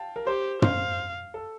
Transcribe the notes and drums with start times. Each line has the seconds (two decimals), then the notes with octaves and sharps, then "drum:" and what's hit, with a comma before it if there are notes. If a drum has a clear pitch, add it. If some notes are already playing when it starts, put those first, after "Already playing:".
Already playing: F5 G5 A5
0.16 A#4
0.26 G4 C5
0.62 C5 F5, drum: tom
1.34 A4